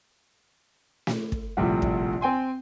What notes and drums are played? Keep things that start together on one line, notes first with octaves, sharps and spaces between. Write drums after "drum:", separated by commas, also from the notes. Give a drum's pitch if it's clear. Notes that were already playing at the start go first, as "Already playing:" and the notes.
drum: snare
drum: kick
A#1 A2 C3 F3 G3 F#5
drum: kick
C4 G5 G#5 C6